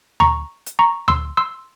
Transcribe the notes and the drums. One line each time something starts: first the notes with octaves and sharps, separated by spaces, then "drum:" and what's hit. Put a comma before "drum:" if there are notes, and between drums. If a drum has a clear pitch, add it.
A#5 C#6, drum: tom D2
drum: hi-hat
A#5 C#6
C6 E6, drum: tom D2
C6 E6